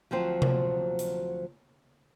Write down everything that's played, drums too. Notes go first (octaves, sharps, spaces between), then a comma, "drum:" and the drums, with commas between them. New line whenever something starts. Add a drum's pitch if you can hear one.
D2 F3 F#3 C4 C5
drum: tom C3
drum: hi-hat